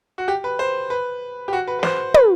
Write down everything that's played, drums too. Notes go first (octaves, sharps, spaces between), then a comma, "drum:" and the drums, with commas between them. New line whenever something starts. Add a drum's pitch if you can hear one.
F#4
G4
B4
C5
B4
G4
F#4
B4
B4
C5, drum: snare
B4, drum: tom